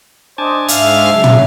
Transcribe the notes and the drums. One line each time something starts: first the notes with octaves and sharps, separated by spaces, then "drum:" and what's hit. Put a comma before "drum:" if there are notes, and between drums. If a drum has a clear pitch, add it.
D4 C5 D#5 G#5 A5 D6
G#2 E5 F5 F6, drum: hi-hat
C#3 F#3
drum: tom